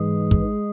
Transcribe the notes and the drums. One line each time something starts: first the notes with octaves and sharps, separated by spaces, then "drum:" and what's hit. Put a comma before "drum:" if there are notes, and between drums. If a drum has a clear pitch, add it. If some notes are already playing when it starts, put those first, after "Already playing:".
Already playing: G#2 E3 G#3 G#4
drum: kick